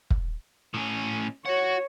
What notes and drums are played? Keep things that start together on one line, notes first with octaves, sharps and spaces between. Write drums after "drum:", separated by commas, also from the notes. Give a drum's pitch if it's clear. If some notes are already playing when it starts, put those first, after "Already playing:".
drum: kick
A2 C#4
F#4 C#5 F#5